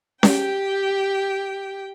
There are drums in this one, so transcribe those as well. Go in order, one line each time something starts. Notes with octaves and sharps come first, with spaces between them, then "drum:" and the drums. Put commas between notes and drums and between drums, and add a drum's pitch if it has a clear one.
G4 G5, drum: snare C#4